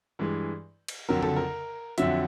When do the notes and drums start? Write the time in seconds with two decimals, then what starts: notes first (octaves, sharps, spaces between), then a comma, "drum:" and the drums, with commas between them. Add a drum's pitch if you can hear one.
0.19 G2 E3 G#3
0.88 drum: cymbal
1.09 F2 D3 F#3 A#4
1.23 A4, drum: tom C#3
1.36 A#4
1.98 F2 D3 F#3 E5, drum: hi-hat